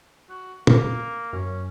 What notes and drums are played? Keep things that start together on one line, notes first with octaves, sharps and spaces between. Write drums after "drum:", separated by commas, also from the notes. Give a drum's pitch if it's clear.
F#4
A#3, drum: tom
F#2 C#4